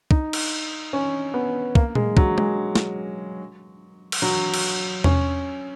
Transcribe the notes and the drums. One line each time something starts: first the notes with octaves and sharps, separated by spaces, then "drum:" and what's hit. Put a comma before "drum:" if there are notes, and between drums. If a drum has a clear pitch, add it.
D#4, drum: kick
drum: cymbal
C#4
B3
A#3, drum: kick
G#3, drum: tom A#2
F#3, drum: kick
G#3, drum: tom G#3
drum: snare
drum: cymbal
F#3
drum: cymbal
C#4, drum: tom E2